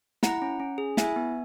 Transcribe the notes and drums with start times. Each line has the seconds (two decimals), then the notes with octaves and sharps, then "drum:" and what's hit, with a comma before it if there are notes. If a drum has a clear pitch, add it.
0.23 E4 F#5 A#5, drum: snare
0.42 C#4
0.60 C#4
0.78 G#4
0.97 E4 E5 G#5, drum: snare
1.16 B3